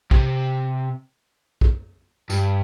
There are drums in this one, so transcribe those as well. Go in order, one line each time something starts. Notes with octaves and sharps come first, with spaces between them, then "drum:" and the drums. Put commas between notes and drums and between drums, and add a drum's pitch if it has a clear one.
C3, drum: kick
drum: kick
G2, drum: tambourine